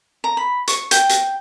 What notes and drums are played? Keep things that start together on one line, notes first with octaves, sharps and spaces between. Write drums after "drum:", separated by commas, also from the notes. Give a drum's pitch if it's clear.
A#5
B5
C#6, drum: hi-hat
G5, drum: hi-hat
drum: hi-hat